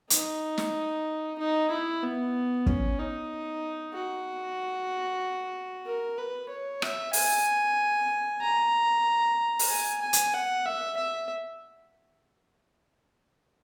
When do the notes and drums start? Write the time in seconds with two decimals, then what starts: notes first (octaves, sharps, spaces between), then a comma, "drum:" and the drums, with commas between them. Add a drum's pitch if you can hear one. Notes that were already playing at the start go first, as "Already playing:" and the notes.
0.10 D#4, drum: hi-hat
0.58 drum: snare
1.39 D#4
1.71 E4
2.03 B3
2.66 C#4, drum: kick
2.99 D#4
3.94 F#4
5.86 A#4
6.18 B4
6.49 C#5
6.82 E5, drum: rim click
7.13 G#5, drum: open hi-hat
8.42 A#5
9.59 drum: open hi-hat
9.69 G#5
10.02 G#5
10.13 drum: hi-hat
10.34 F#5
10.65 E5
10.97 E5